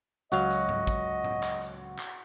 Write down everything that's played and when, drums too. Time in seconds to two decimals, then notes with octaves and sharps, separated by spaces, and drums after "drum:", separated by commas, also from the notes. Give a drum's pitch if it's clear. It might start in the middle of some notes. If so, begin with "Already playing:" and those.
0.32 C#2 F#3 F#4 D#5 F5
0.50 drum: hi-hat
0.69 drum: tom G#2
0.87 drum: kick, hi-hat
1.24 drum: tom A2
1.43 drum: clap
1.62 drum: hi-hat
1.99 drum: clap